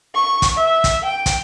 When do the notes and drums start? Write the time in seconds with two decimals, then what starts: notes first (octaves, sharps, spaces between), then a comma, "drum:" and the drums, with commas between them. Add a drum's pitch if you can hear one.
0.15 C#6
0.42 drum: kick, hi-hat
0.57 E5
0.84 drum: kick, hi-hat
1.05 G5
1.26 drum: kick, hi-hat